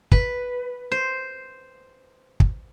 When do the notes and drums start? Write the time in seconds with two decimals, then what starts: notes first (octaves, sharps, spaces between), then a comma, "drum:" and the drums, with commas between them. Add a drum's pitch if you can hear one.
0.12 B4, drum: kick
0.92 C5
2.40 drum: kick